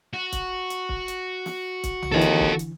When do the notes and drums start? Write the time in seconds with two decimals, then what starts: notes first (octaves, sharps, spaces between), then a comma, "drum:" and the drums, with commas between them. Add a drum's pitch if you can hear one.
0.14 F#4
0.32 drum: kick, hi-hat
0.70 drum: hi-hat
0.89 drum: kick
1.08 drum: hi-hat
1.46 drum: snare
1.84 drum: kick, hi-hat
2.02 drum: tom B1
2.12 D#2 D3 E3 A4 D#5
2.21 drum: hi-hat
2.40 drum: kick
2.59 drum: hi-hat